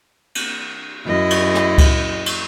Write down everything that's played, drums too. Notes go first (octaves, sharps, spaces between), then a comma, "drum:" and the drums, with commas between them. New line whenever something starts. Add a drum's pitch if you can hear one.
drum: cymbal
F#2 E4 D#5
drum: cymbal
drum: rim click
drum: kick C#2, cymbal
drum: cymbal